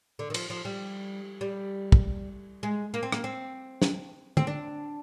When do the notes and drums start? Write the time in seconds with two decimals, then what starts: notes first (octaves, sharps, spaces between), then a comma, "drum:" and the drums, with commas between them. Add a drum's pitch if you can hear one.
0.19 D3
0.30 D#3
0.34 F3, drum: cymbal
0.50 F3
0.65 G3
1.41 G3
1.92 drum: kick
2.63 G#3
2.94 A#3
3.03 C4
3.12 A#3, drum: rim click
3.24 C4
3.82 drum: snare
4.37 C4, drum: tom D3
4.47 D4